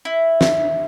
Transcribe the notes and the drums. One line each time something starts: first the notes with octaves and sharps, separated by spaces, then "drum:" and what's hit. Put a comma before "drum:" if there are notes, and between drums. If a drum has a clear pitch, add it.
E4
drum: snare